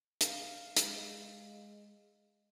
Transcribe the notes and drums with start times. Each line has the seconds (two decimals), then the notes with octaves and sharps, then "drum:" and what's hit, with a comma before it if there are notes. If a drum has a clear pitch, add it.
0.21 F5, drum: hi-hat
0.77 G#3, drum: hi-hat